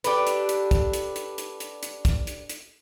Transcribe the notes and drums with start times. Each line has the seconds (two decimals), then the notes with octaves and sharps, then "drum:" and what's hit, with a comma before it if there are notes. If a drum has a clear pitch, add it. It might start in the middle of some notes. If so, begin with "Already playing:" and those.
0.04 D4 G4 A4 B4, drum: hi-hat
0.27 drum: hi-hat
0.49 drum: hi-hat
0.71 drum: kick, hi-hat
0.93 drum: hi-hat
1.16 drum: hi-hat
1.38 drum: hi-hat
1.60 drum: hi-hat
1.83 drum: hi-hat
2.05 drum: kick, hi-hat
2.27 drum: hi-hat
2.49 drum: hi-hat